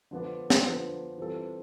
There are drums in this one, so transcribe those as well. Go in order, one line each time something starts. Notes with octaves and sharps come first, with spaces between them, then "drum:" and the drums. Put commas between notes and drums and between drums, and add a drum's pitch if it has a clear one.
D3 F3 B3 D4
drum: snare
D3 F3 B3 D4
E3 G3 C4 F4 A4